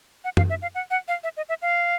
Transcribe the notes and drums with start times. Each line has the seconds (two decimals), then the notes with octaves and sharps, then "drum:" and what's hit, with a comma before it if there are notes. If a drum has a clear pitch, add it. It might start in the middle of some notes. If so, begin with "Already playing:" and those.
0.24 F#5
0.37 F5, drum: tom F#2
0.50 E5
0.62 F5
0.75 F#5
0.91 F#5
1.08 F5
1.24 E5
1.37 D#5
1.49 E5
1.62 F5